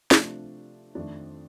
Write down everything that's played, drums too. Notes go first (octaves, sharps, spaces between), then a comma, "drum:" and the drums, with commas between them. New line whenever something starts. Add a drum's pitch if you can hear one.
C3 F3 A3 D4, drum: snare
F2 D#3 A3 D4